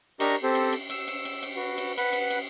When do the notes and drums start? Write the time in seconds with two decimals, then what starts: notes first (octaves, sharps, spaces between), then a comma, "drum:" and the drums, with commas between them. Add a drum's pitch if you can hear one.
0.20 D4 G4 A#4 D#5 A#5 C#6, drum: cymbal
0.43 C4 G4 A4 C5
0.55 drum: cymbal
0.73 drum: cymbal
0.90 E6, drum: cymbal
1.08 drum: cymbal
1.25 drum: cymbal
1.43 drum: cymbal
1.56 F#4 B4
1.78 drum: cymbal
1.98 B4 F#5 B5, drum: cymbal
2.13 drum: cymbal
2.30 drum: cymbal